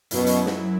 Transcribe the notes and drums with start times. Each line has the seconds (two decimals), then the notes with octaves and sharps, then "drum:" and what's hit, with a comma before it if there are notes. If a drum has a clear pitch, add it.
0.11 F#2 B2 F#3 E4, drum: hi-hat
0.27 drum: hi-hat
0.46 drum: snare